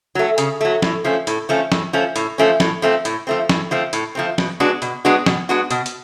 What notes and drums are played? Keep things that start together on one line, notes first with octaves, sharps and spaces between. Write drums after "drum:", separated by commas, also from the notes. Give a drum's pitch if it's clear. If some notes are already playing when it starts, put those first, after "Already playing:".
F#3 A3
C#3, drum: hi-hat
F#3 A3
A2, drum: snare
F3 A3 C#4
A2, drum: hi-hat
F3 A3 C#4
A2, drum: snare
F3 A3 C#4
A2, drum: hi-hat
F3 A3 C#4
A2, drum: snare
F3 A3 C4
A2, drum: hi-hat
F3 A3 C4
A2, drum: snare
F3 A3 C4
A2, drum: hi-hat
F3 A3 C4
B2, drum: snare
G#3 B3 D4 F#4
B2, drum: hi-hat
G#3 B3 D4 F#4
B2, drum: snare
G#3 B3 D4 F#4
B2, drum: hi-hat
drum: hi-hat